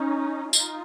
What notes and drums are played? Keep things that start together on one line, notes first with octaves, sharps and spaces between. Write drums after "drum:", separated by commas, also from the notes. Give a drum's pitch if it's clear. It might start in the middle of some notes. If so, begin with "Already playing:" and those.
Already playing: C#4 D#4
D#4 F4, drum: tambourine